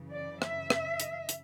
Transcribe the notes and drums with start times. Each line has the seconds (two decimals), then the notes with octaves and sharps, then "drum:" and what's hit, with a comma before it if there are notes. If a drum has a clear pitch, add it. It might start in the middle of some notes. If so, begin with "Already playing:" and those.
Already playing: F#2 C#3 E3
0.11 D5
0.42 E5, drum: rim click
0.70 drum: rim click
1.00 drum: hi-hat
1.29 drum: hi-hat